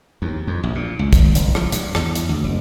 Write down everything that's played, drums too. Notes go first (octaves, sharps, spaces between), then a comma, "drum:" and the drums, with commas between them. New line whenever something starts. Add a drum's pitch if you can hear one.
D#2
F2
A#1
A#2
C#2
G#1, drum: kick, hi-hat
F#1, drum: hi-hat
F3, drum: rim click
G2, drum: hi-hat
E2, drum: rim click
drum: hi-hat
D2
F#1